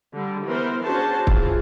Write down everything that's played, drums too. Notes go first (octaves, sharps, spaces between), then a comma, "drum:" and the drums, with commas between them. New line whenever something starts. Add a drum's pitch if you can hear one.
D3 G3
E3 B3 A#4 C5
C#4 D4 F#4 G#4 C5 A5
E3 F4 G#4, drum: kick